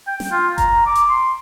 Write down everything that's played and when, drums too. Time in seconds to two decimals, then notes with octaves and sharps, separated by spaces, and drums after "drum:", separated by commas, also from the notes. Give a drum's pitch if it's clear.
0.07 G5
0.20 drum: snare
0.32 F4
0.58 A#5, drum: kick F#1, hi-hat
0.86 D6
0.95 drum: hi-hat
1.09 C6